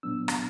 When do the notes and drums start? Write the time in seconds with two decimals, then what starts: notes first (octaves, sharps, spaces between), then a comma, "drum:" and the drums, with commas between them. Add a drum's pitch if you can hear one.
0.03 A#2 F#3 B3 D4 E6
0.28 drum: rim click